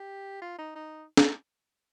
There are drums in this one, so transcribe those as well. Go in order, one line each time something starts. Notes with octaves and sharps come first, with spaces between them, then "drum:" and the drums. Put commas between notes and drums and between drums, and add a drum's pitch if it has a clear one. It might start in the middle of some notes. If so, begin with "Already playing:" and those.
Already playing: G4
F4
D#4
D#4
drum: snare